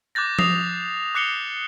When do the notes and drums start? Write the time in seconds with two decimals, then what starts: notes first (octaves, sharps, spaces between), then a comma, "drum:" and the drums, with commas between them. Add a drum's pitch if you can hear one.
0.15 D6 F#6 G6 A6 A#6
0.39 D#6 A#6 C7 F7, drum: tom F3
1.15 D6 F#6 C7 C#7 F7 G7